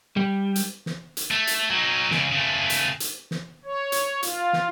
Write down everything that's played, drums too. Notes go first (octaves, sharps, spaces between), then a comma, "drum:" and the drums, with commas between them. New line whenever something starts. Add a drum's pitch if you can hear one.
G3
drum: hi-hat
drum: snare
drum: hi-hat
A3
drum: hi-hat
F#3 D#4
C#2 C#3, drum: snare
C#3 A3
drum: hi-hat
drum: hi-hat
drum: snare
C#5
drum: hi-hat
F4, drum: hi-hat
drum: snare